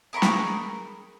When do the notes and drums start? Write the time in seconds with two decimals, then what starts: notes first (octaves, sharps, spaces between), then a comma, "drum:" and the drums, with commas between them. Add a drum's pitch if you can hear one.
0.13 G#4 A#4 B5 C#6
0.22 drum: snare